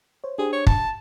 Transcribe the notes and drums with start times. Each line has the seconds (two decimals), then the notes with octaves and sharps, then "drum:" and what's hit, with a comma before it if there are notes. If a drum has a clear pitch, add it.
0.24 C5 C#5
0.38 D4 G4 G#4 C5
0.53 C#5
0.67 A5, drum: kick